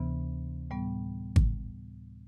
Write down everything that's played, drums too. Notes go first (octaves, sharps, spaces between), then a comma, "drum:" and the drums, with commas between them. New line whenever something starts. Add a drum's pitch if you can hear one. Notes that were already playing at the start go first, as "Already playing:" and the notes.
Already playing: D2 C3 E3 B3
A2 G3 B3
drum: kick G#1